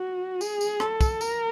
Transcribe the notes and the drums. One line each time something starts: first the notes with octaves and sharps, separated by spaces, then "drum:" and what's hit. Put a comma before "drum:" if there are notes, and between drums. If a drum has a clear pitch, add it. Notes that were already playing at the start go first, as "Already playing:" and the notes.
Already playing: F#4
G#4, drum: tambourine
drum: tambourine
A4, drum: rim click
drum: kick, tambourine
A#4, drum: tambourine